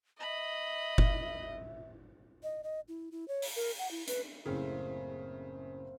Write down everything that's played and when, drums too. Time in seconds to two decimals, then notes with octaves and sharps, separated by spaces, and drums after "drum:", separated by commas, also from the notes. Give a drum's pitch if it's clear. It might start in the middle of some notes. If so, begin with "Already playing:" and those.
0.20 D#5 E5 B5
0.98 drum: kick F#1
2.43 D#5
2.64 D#5
2.88 E4
3.12 E4
3.28 C#5
3.42 drum: open hi-hat
3.56 A#4
3.79 F#5
3.91 E4
4.08 B4, drum: hi-hat
4.46 F#1 A2 C#3 C4 F5